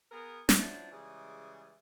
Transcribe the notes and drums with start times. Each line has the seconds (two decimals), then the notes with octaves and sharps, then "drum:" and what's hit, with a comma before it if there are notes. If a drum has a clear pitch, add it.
0.10 B3 G#4 A#4
0.49 F3 F#3 D4 E4, drum: snare
0.91 C#3 E3 G3 G#3